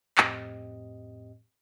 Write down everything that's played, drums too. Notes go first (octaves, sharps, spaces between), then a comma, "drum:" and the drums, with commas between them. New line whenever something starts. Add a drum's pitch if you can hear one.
F2 A2 C4 G4 D#5, drum: clap